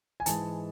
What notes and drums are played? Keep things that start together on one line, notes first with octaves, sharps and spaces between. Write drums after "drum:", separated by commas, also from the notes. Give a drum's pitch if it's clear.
G#5
G#2 E3 G#3 A5, drum: hi-hat